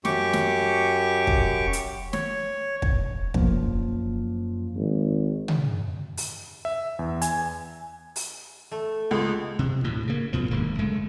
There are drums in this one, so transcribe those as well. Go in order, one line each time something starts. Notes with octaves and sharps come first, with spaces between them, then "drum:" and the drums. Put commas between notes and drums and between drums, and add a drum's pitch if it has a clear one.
F#2 G4 C#6 D6, drum: snare
drum: snare
drum: kick
drum: hi-hat
C#5, drum: snare
drum: kick
F#2 F3 A#3, drum: kick
G#1
drum: tom
drum: open hi-hat
E5
E2
G#5, drum: hi-hat
drum: open hi-hat
A3
C#2 G#3
C3
D2 A2
C#3 A#3
C2 B2 F3
D#1 G#2 D3 A#3
F#1 G#3 A3